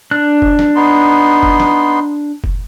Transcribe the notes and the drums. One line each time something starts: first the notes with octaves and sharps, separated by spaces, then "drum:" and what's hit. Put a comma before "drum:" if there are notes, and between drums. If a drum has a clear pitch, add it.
D4 F#6
drum: kick F#1
drum: snare
B3 D#4 C6
drum: kick F#1
drum: snare
drum: kick F#1